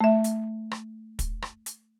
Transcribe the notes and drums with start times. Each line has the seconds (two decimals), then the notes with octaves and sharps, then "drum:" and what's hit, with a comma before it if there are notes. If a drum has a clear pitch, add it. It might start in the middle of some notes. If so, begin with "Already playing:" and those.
0.01 A3 E5
0.24 drum: hi-hat
0.71 drum: rim click
1.19 drum: kick, hi-hat
1.42 drum: rim click
1.66 drum: hi-hat